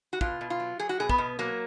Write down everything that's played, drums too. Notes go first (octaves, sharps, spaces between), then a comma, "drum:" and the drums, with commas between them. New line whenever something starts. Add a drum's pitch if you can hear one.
F#4
B2 F4, drum: kick
B2
F4
F#3
F#3 G#4
F#4
B2 G#4
B3, drum: kick
B2
F#3 A#3